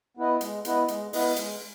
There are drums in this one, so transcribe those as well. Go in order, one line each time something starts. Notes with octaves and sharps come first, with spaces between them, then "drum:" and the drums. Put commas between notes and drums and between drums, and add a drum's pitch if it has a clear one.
B3 E4 B4 D#5
G#3, drum: hi-hat
B3 E4 B4 D#5, drum: hi-hat
G#3, drum: hi-hat
B3 E4 B4 D#5, drum: open hi-hat
G#3, drum: hi-hat